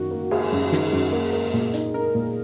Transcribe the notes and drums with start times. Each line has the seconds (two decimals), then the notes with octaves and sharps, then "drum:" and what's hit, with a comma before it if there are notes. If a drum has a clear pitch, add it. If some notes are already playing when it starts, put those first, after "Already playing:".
Already playing: F#2 D#3 A#3 F#4
0.11 A#3
0.31 A#3 G#4, drum: cymbal
0.52 F#2
0.72 D#3, drum: snare
0.93 F#2
1.13 A#3
1.33 A#3
1.54 A#2
1.74 D#4, drum: hi-hat
1.94 D#4 A#4
2.15 A#2